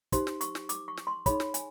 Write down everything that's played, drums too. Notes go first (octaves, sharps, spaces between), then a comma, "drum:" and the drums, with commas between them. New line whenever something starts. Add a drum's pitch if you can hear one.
D#4 G4 C5 C6, drum: kick, hi-hat
drum: snare
C#6, drum: hi-hat
drum: snare
D6, drum: hi-hat
C#6
drum: snare
C6
D#4 G#4 C#5 B5, drum: kick, hi-hat
drum: snare
G#5, drum: hi-hat